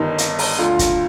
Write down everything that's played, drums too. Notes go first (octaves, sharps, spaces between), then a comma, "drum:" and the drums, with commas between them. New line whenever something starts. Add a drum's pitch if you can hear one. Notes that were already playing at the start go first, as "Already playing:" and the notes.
Already playing: G1 G2 D#3 D#4
drum: hi-hat
drum: open hi-hat
D2 D3 F4
drum: kick, hi-hat